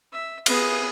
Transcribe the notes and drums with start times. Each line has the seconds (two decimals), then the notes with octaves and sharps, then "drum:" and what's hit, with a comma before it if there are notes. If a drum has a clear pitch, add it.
0.12 E5
0.46 B3 G#4, drum: cymbal